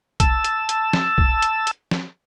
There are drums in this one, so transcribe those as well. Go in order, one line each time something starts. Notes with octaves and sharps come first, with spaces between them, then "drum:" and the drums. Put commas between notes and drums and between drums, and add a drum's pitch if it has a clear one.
A5 E6, drum: kick B1, hi-hat
drum: hi-hat
drum: hi-hat
drum: snare
drum: kick B1
drum: hi-hat
drum: hi-hat
drum: snare